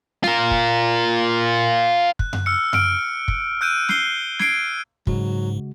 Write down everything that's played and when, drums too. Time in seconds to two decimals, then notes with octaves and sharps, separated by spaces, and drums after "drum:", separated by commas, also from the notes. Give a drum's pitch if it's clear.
0.24 F4 A#4, drum: snare
0.51 drum: kick
2.19 F#6, drum: kick
2.33 drum: tom F#2
2.46 E6 F6 C#7
2.73 F6 D7, drum: tom F#2
3.28 drum: kick
3.61 E6 F#6 G6 D7 D#7
3.89 G6 C7 G7, drum: snare
4.39 G#6 C7 D7, drum: snare
5.07 G#2 C#3 F#3 G#3 F#4, drum: kick